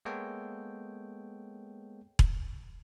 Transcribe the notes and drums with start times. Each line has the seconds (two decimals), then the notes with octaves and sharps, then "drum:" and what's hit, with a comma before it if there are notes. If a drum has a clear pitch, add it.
0.05 G#3 A#3 B3 A4 C#5 G5
2.19 drum: kick E1